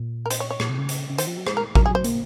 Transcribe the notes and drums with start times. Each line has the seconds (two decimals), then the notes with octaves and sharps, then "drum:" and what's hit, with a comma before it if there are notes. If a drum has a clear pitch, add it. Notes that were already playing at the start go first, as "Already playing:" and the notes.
Already playing: A#2
0.26 A#4
0.30 C5, drum: hi-hat
0.40 C#5
0.50 C#5
0.60 A#2, drum: rim click
0.70 C3
0.79 C#3
0.89 drum: hi-hat
1.10 C#3
1.18 D#3 C5, drum: hi-hat
1.27 F3
1.37 F#3
1.47 G#3 C5, drum: rim click
1.57 A#4
1.75 F#3 A#4, drum: kick A1
1.86 G#4
1.90 F#3 C5
2.04 A#3, drum: hi-hat